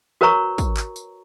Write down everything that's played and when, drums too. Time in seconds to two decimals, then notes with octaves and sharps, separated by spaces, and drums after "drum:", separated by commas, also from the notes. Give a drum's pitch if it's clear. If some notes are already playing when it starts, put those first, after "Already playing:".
0.21 F#4 A#4 B4 C#5 A#5 C#6
0.58 drum: kick, tambourine
0.77 drum: clap
0.96 drum: tambourine